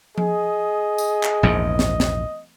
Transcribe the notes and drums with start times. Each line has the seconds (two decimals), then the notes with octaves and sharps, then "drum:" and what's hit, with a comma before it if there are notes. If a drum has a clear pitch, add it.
0.18 G#4 D#5, drum: tom F3
0.98 drum: tambourine
1.23 drum: clap
1.43 A#1 E2 G#2
1.79 drum: snare
2.00 drum: snare